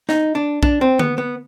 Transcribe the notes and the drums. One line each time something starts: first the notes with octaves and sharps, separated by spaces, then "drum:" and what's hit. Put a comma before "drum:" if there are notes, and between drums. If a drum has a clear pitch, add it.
D#4, drum: snare
D4
D4, drum: kick
C4
B3, drum: tom D3
B3